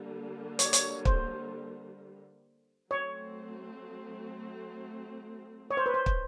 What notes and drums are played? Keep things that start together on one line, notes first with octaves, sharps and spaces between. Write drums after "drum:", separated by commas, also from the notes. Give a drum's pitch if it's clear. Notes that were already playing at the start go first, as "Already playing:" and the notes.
Already playing: D3 G3 A#3
C#5, drum: hi-hat
D5
C#5, drum: hi-hat
C5, drum: kick
F#3 A3 C4 C#5
C#5
C5
B4
C5
drum: kick